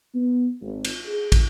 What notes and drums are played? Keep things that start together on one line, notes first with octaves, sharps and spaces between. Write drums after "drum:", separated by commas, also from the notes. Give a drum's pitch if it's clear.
B3
G#1
drum: cymbal
G#4
drum: kick, cymbal